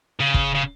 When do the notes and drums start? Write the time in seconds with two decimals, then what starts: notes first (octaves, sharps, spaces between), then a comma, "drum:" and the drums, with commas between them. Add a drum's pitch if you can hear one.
0.21 C#3
0.34 drum: kick
0.55 C#3